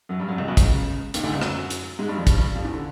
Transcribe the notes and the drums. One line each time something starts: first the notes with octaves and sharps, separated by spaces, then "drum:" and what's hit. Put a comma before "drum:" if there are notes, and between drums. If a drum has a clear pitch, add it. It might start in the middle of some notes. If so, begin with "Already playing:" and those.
F#2 F#3
G2 G3
F#2 F#3
C#2 C#3
B1 B2
C#2 C#3, drum: kick, hi-hat
D#2 D#3, drum: hi-hat
D2 D3
C#2 C#3
F#2 F#3, drum: rim click
drum: hi-hat
G#2 G#3
G2 G3
F2 F3
G2 G3, drum: kick, hi-hat
G2 G3
F2 F3
E2 E3
D3